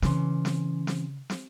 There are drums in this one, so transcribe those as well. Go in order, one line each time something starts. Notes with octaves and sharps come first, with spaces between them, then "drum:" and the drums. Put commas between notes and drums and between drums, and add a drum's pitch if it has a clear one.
C#3 E3 C#4 C6, drum: snare
drum: snare
drum: snare
drum: snare